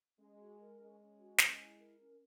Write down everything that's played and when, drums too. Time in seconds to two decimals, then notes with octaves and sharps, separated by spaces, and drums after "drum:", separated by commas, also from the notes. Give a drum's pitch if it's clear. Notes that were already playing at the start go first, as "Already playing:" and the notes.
0.19 G#3 C#4
0.39 F#4
0.60 A#4
0.79 G#3 C#4
1.00 C#4
1.19 F#4
1.38 C#4, drum: snare
1.59 E4
1.79 A#4
1.99 C#4